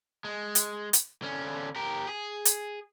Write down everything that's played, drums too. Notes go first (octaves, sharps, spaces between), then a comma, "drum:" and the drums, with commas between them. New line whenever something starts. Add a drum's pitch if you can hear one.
G#3
drum: hi-hat
drum: hi-hat
D3 C#4
G4 A#4
G#4
drum: hi-hat